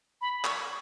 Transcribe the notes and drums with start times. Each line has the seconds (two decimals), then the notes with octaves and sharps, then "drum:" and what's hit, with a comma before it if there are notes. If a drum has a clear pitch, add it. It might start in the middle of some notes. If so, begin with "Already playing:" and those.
0.21 B5
0.44 C#6, drum: clap